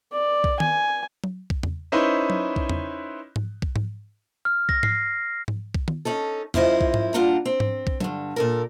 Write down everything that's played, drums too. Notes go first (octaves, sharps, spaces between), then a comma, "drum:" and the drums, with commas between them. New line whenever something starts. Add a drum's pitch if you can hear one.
D5
drum: kick B1
G#5, drum: tom D#3
drum: tom F#3
drum: kick B1
drum: tom E2
C#4 D#4 E4 B4 C5
drum: tom F#3
drum: kick B1
drum: tom E2
drum: tom G#2
drum: kick B1
drum: tom G#2
F6
A#6, drum: kick B1
C7, drum: tom G#2
drum: tom G#2
drum: kick B1
drum: tom D#3
C#4 D#4 A4
F#2 E4 F4 C5 D#5, drum: tom E2
drum: kick B1
drum: tom G#2
G2 A#2 D4 F4 F#5 A#5
C4
drum: tom G#2
drum: kick B1
G2 D3, drum: tom F#3
A#2 A4 A#4